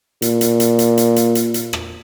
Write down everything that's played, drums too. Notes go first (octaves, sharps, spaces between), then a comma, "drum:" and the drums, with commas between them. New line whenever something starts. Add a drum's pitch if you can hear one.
A#2, drum: hi-hat
drum: hi-hat
drum: hi-hat
drum: hi-hat
drum: hi-hat
drum: hi-hat
drum: hi-hat
drum: hi-hat
drum: rim click